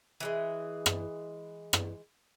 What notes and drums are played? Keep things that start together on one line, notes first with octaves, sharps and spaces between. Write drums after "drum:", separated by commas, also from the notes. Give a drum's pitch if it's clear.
E3 G3 G#3
drum: rim click
drum: rim click